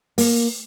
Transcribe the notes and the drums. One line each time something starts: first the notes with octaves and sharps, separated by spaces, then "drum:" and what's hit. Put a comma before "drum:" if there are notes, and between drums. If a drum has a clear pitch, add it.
A#3, drum: open hi-hat